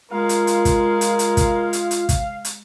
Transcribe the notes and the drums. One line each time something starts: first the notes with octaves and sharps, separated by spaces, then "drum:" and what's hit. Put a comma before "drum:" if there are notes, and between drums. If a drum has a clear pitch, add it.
G#3 F4 A#4 F5
drum: hi-hat
drum: hi-hat
drum: kick, hi-hat
drum: hi-hat
drum: hi-hat
drum: kick, hi-hat
drum: hi-hat
drum: hi-hat
drum: kick, hi-hat
drum: hi-hat